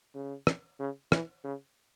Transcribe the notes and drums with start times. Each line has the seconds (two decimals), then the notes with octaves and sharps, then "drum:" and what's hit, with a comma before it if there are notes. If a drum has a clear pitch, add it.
0.15 C#3
0.47 drum: rim click
0.79 C#3
1.12 E3, drum: rim click
1.44 C#3